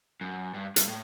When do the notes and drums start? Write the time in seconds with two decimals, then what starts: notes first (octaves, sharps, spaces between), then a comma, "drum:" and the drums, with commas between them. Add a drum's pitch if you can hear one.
0.21 F#2
0.54 G2
0.76 G2, drum: hi-hat
0.88 A2